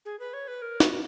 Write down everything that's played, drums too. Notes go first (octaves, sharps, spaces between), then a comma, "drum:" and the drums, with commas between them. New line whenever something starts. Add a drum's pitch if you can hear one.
G#4
B4
C#5
B4
A#4
F#4, drum: snare